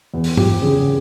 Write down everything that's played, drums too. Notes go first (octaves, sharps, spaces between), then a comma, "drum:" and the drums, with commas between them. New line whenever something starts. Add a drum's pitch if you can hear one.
E2
drum: open hi-hat
F3 G4, drum: tom
C#3 G#4